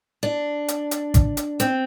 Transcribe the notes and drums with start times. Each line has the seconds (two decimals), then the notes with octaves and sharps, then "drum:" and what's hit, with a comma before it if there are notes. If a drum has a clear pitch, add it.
0.23 D4
0.68 drum: hi-hat
0.91 drum: hi-hat
1.14 drum: kick G#1, hi-hat
1.37 drum: hi-hat
1.60 C4, drum: hi-hat